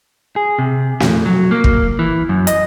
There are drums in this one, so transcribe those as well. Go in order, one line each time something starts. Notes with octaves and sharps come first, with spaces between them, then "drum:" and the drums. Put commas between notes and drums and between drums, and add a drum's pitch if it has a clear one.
G#4
C3
F2, drum: snare
F#3
A#3
drum: kick
E3
F#2
D#5, drum: hi-hat